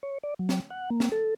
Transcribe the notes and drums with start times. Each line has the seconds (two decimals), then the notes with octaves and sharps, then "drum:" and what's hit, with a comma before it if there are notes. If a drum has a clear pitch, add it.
0.03 C#5
0.23 D5
0.39 F#3
0.49 drum: snare
0.70 F#5
0.90 A#3
1.00 drum: snare
1.12 A4